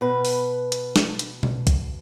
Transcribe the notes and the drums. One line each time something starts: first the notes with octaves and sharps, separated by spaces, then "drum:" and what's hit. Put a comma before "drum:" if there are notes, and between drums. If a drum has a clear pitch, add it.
B2 B4
drum: open hi-hat
drum: hi-hat
drum: snare
drum: hi-hat
drum: tom B2
drum: kick, hi-hat